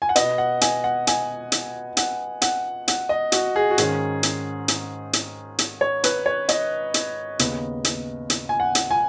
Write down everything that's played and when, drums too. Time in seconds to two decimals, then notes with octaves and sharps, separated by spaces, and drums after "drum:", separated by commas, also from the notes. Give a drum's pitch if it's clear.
0.02 G#5
0.09 F#5
0.16 B2 B3 D#5, drum: hi-hat
0.38 F#5
0.61 G#5, drum: hi-hat
0.84 F#5
1.07 G#5, drum: hi-hat
1.52 drum: hi-hat
1.97 F#5, drum: hi-hat
2.42 F#5, drum: hi-hat
2.88 F#5, drum: hi-hat
3.09 D#5
3.32 F#4, drum: hi-hat
3.56 G#4
3.71 F#4
3.78 G#2 D#3 G#3 C#4 G#4, drum: hi-hat
4.23 drum: hi-hat
4.68 drum: hi-hat
5.13 drum: hi-hat
5.59 drum: hi-hat
5.81 C#5
6.04 B4, drum: hi-hat
6.26 C#5
6.49 D#5, drum: hi-hat
6.94 drum: hi-hat
7.39 D#2 C#3 B3, drum: hi-hat
7.84 drum: hi-hat
8.30 drum: hi-hat
8.49 G#5
8.60 F#5
8.75 drum: hi-hat
8.91 G#5